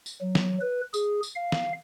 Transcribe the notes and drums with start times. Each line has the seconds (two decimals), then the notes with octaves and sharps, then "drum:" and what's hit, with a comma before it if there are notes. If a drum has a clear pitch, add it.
0.06 drum: tambourine
0.21 F#3
0.35 drum: snare
0.61 B4
0.94 G#4, drum: tambourine
1.23 drum: tambourine
1.36 F5
1.52 drum: snare